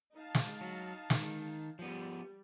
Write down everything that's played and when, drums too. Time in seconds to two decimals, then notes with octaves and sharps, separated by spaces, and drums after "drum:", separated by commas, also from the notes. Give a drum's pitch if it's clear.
0.15 D#4 F5 A5
0.35 drum: snare
0.61 F#3
1.10 D#3, drum: snare
1.79 F3 G3 B3